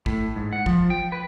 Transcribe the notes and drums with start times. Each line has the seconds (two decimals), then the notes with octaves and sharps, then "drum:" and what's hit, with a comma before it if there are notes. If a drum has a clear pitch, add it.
0.06 A2, drum: kick
0.36 G#2
0.53 F#5
0.66 F3, drum: kick
0.90 G5
1.12 B4